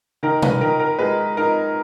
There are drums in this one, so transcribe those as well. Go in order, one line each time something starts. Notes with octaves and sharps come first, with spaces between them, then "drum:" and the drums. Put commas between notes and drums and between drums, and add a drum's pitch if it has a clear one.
D#3 A#4
B4, drum: tom B2
D#3 A#4
A#4
G#3 B4
D#4 A#4